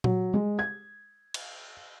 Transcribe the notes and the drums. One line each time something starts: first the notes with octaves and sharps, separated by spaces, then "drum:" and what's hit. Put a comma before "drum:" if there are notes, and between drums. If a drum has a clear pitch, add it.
F#3, drum: tom A#2
G#3
G#6
drum: cymbal